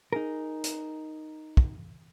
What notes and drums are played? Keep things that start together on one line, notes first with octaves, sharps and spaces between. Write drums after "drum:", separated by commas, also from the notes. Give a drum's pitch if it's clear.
D#4 G#4 A#4
drum: hi-hat
drum: kick